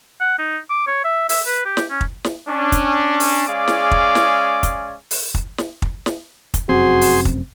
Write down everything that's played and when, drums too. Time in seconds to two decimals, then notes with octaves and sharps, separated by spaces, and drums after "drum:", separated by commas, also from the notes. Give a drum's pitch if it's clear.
0.20 F#5
0.39 D#4
0.70 D6
0.87 C#5
1.04 E5
1.29 E5, drum: open hi-hat
1.46 B4
1.65 G4
1.77 drum: snare
1.90 C#4
2.01 drum: kick
2.24 drum: snare
2.48 C#4 D4
2.72 drum: kick, hi-hat
3.20 drum: open hi-hat
3.48 G#3 C#4 G#4 D5 F5 D6
3.68 drum: snare
3.91 drum: kick
4.15 drum: snare
4.63 drum: kick, hi-hat
5.11 drum: open hi-hat
5.34 drum: kick
5.58 drum: snare
5.82 drum: kick
6.06 drum: snare
6.54 drum: kick, hi-hat
6.69 F1 F#2 C4 F#4 G#4 C5 C6
7.01 drum: open hi-hat
7.25 drum: kick